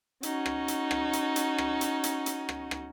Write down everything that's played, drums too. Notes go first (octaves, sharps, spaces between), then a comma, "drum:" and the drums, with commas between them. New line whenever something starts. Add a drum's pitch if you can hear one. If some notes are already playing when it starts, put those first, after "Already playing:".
C#4 D#4 F#4, drum: hi-hat
drum: rim click
drum: hi-hat
drum: rim click
drum: hi-hat
drum: hi-hat
drum: rim click
drum: hi-hat
drum: hi-hat
drum: hi-hat
drum: rim click
drum: rim click